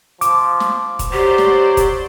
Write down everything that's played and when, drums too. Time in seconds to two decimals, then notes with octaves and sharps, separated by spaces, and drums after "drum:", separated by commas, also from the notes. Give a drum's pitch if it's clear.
0.21 F3 D6, drum: hi-hat
0.60 drum: snare
0.99 drum: kick E1, hi-hat
1.13 F#3 G4 C5 D5
1.38 drum: snare
1.77 drum: kick E1, hi-hat